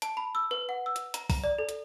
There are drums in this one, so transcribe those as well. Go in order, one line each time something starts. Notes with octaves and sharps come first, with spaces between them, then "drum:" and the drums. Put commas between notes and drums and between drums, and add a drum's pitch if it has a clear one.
A5, drum: hi-hat
B5
E6
B4
F#5
E6
drum: hi-hat
A#5, drum: hi-hat
A#5, drum: kick, open hi-hat
D5
A4
drum: hi-hat